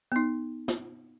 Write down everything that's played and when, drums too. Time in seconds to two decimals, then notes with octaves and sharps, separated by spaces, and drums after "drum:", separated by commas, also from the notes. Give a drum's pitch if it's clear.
0.12 B3 D#4
0.68 drum: snare